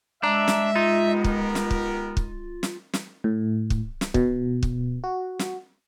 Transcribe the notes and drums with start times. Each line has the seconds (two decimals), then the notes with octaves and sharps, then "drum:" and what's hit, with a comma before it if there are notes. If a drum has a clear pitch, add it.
0.23 G#3 D4 E5 A#5
0.48 drum: snare
0.76 D#4 F4
1.14 B3 G4 A#4
1.24 drum: kick
1.55 drum: snare
1.71 drum: kick
2.17 drum: kick
2.63 drum: snare
2.93 drum: snare
3.24 A2
3.70 drum: kick
4.01 drum: snare
4.14 B2, drum: kick
4.63 drum: kick
5.04 F#4
5.39 drum: snare